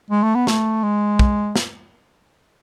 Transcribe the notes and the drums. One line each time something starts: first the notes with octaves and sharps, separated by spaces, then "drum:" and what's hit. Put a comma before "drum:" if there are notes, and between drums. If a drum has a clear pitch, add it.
G#3
A3
B3
A3, drum: snare
G#3
drum: kick
drum: snare